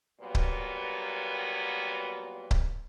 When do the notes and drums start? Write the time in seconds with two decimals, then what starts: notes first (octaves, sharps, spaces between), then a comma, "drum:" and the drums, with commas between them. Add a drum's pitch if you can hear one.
0.21 A#2 F#3 G3 A#3 B3
0.35 drum: kick C#1
2.51 drum: kick C#1